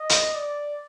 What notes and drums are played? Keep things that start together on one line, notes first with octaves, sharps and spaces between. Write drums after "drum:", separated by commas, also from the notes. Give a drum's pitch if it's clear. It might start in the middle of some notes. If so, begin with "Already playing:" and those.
Already playing: D#5
drum: hi-hat
D5